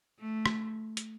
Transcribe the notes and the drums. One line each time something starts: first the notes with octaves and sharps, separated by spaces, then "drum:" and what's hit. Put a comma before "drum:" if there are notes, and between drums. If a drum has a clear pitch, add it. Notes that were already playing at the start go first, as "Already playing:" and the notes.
A3
drum: rim click
drum: hi-hat